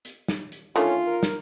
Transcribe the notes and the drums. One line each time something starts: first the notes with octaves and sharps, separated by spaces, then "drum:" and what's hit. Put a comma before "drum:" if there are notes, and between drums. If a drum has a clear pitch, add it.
drum: hi-hat
drum: snare
drum: hi-hat
D3 D#3 A3 C#4 F4, drum: hi-hat
A#4
drum: snare